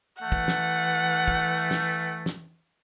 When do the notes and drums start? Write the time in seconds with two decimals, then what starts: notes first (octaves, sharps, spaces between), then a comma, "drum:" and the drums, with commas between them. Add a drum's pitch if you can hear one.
0.22 E3 A3 F#5
0.32 drum: kick
0.48 drum: snare
1.28 drum: kick
1.71 drum: snare
2.26 drum: snare